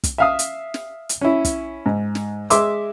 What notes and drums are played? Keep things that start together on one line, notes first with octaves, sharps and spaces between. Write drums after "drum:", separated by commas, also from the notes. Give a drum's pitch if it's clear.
drum: kick, hi-hat
E5 F5 D#6
drum: hi-hat
drum: snare
drum: hi-hat
C#4 E4
drum: kick, hi-hat
G#2
drum: snare
G#3 E5 C6 D6 E6, drum: hi-hat